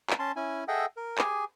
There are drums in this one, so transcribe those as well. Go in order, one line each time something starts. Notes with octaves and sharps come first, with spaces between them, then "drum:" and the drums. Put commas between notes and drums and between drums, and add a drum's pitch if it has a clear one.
drum: clap
C#4 A5 C6
C#4 E4 G#5
G#4 A4 D#5 E5 F#5 G5
A#4
G4 G#4 G#5, drum: clap